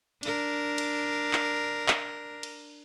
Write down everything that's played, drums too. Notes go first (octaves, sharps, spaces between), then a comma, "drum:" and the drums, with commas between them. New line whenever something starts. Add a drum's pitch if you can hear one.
D4 A#4, drum: cymbal
drum: cymbal
drum: clap
drum: clap
drum: cymbal